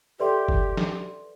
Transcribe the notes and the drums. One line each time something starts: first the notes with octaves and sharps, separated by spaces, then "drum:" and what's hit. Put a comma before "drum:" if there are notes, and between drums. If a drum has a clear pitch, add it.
G4 A4 B4 D5 E5 G5 C6
drum: kick
drum: snare